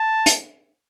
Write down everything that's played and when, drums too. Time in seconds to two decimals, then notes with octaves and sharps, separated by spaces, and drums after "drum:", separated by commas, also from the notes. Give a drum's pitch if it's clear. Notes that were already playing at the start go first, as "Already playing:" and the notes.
Already playing: A5
0.26 drum: hi-hat